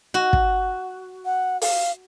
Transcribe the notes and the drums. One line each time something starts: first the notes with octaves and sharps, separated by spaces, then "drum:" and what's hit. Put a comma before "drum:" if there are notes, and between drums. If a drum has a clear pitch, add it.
F#4
drum: kick
F#5
F5, drum: open hi-hat